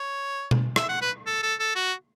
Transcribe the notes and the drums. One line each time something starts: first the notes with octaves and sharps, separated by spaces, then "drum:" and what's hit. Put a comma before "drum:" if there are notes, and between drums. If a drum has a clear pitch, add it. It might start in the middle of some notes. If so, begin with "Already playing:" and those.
Already playing: C#5
drum: tom B2
E5, drum: rim click
F#5
B4
A4
A4
A4
F#4